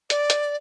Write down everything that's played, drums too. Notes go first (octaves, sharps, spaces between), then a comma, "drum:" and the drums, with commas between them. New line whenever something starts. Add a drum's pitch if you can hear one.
D5, drum: hi-hat
drum: hi-hat